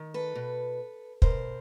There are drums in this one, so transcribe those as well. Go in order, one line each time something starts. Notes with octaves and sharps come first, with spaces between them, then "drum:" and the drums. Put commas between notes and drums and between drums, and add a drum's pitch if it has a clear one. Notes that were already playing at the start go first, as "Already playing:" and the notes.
Already playing: D#3
A4 B4
B2
B2 A#4 C5, drum: kick